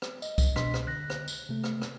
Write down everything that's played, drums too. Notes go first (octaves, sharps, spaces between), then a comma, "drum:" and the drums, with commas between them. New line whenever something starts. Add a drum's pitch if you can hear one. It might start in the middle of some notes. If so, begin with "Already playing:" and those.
drum: rim click
D#5, drum: tambourine
drum: kick C2, tambourine
B2 D4 D#5 C6 B6, drum: rim click
drum: rim click
D3 F#6 A#6
drum: rim click
drum: tambourine
C3 A3
drum: rim click
drum: rim click